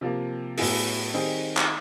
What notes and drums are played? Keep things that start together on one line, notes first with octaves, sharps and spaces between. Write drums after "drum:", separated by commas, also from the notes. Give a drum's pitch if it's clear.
C3 F3 A#3
A2 F#3 B3 E4 G#4, drum: open hi-hat
D#3 G3 C4 D#4 G#4
drum: clap